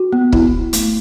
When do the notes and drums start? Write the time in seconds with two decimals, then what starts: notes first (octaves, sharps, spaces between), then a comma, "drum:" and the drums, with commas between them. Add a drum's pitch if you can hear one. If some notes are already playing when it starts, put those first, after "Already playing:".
Already playing: F#4
0.12 B3
0.32 B3 E4, drum: kick
0.52 B3
0.73 A3, drum: hi-hat